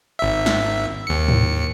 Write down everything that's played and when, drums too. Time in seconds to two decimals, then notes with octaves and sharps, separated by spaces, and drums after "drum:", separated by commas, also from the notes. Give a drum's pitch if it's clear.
0.19 G#1 E5
0.46 drum: snare
1.07 D#2 C#7
1.29 drum: tom G#2